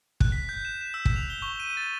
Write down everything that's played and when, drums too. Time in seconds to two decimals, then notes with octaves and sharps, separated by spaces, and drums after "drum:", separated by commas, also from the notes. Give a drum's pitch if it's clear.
0.20 F#6, drum: kick
0.32 B6
0.49 G6
0.65 E7
0.81 E7
0.94 E6
1.05 drum: kick
1.16 F7
1.30 G7
1.42 C#6
1.60 D#7
1.77 A6